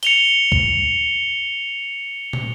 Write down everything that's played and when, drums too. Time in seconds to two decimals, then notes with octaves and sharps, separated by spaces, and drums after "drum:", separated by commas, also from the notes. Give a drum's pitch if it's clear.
0.03 C#7 F7 G7, drum: hi-hat
0.52 drum: kick C2
2.33 drum: tom